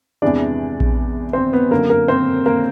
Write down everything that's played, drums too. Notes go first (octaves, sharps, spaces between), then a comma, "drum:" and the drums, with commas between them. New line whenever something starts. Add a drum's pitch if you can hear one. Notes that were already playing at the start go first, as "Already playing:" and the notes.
E2 C3 E3 G#3 D4 D5
drum: kick A#1
C4 C5
B3 B4
F#2 D3 F#3 A#3 A#4
A#3 A#4
C4 C5
A#3 A#4